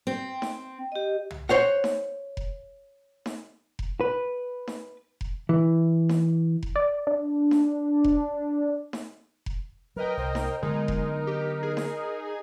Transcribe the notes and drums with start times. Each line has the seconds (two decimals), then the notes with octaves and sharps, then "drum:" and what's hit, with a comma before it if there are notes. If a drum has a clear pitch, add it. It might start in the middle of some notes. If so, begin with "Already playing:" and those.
0.07 C4
0.42 drum: snare D#4
0.92 G4 D#5
1.31 drum: tom
1.49 C5 C#5 F#5
1.84 drum: snare D#4
2.37 drum: kick F1
3.26 drum: snare D#4
3.79 drum: kick F1
4.01 B4
4.67 drum: snare D#4
5.21 drum: kick F1
5.49 E3
6.09 drum: snare D#4
6.63 drum: kick F1
6.76 D5
7.07 D4
7.51 drum: snare D#4
8.04 drum: kick F1
8.93 drum: snare D#4
9.46 drum: kick F1
9.96 F#3 A#4 B4 D#5 G5
10.17 C2 C5
10.35 drum: snare D#4
10.63 D3 F#3 G#3 B3 D#4 A#4
10.88 drum: kick F1
11.27 G4
11.63 G#4
11.77 drum: snare D#4